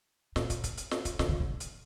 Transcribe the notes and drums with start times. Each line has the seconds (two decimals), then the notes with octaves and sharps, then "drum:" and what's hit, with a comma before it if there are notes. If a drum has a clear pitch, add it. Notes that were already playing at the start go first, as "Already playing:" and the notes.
0.36 A#2, drum: snare
0.50 drum: kick, hi-hat
0.64 drum: kick, hi-hat
0.78 drum: hi-hat
0.91 drum: snare
1.05 drum: kick, hi-hat
1.19 C3, drum: snare
1.29 D3
1.40 C3
1.51 D3
1.60 drum: hi-hat